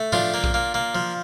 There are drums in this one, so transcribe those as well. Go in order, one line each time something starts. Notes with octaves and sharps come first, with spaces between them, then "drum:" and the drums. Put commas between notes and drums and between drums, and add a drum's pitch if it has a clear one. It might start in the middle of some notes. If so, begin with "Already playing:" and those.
Already playing: A3
F3 D4 F4, drum: tom A2
A#3
drum: kick A#1
A#3
A#3
F3